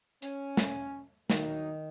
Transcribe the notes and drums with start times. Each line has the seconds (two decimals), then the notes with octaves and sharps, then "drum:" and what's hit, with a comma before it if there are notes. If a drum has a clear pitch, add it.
0.22 C#4, drum: hi-hat
0.57 drum: snare
1.30 D#3 F#3 A#3 D#4, drum: snare